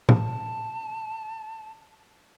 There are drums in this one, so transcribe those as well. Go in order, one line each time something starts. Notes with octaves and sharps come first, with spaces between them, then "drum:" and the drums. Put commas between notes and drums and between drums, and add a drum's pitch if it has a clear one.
A5, drum: tom A2